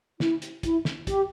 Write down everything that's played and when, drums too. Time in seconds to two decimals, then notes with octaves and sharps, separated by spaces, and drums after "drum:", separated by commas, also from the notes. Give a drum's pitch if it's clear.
0.20 E4, drum: snare
0.42 drum: hi-hat
0.63 E4, drum: kick, hi-hat
0.85 drum: snare
1.07 G4, drum: kick, hi-hat